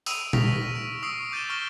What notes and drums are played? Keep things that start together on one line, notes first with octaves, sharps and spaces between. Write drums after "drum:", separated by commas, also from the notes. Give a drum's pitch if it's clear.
D#6 E6 D7 D#7 F7, drum: open hi-hat
C#6 D#6 F6 A#6 B6 F7, drum: tom A#2
D7 E7
C#6 D#6 E6 C7 D7
D6 G6 A6 D#7 E7 G7
C#6 F6 G6 A#6 D7 G7